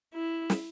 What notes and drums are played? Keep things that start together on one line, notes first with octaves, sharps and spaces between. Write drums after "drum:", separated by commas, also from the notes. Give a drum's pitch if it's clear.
E4
drum: snare